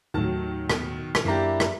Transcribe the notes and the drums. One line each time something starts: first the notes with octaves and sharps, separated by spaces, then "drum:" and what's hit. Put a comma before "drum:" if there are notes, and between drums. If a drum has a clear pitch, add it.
D#2 A2 D#3 F#3 A5
B2, drum: rim click
drum: rim click
F#2 A#3 D4 E4 G4 A#5
drum: rim click